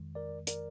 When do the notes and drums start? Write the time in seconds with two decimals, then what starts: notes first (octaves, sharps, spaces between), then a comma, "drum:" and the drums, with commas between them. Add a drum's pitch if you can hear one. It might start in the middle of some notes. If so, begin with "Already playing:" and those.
Already playing: F2 D#3 G#3
0.15 A#4 D5
0.47 A#4 D5, drum: hi-hat